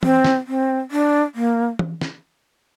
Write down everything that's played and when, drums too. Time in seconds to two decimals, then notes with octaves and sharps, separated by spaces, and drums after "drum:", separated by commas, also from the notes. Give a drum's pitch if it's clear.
0.03 C4, drum: tom E3
0.25 drum: snare
0.47 C4
0.91 D4
1.35 A#3
1.79 drum: tom E3
2.01 drum: snare